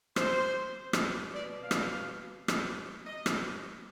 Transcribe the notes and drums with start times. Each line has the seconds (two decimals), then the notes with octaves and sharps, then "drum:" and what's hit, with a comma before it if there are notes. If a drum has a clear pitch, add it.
0.16 C5, drum: rim click
0.93 drum: rim click
1.31 B2 D5
1.61 F5
1.71 drum: rim click
2.48 drum: rim click
3.06 D#5
3.26 drum: rim click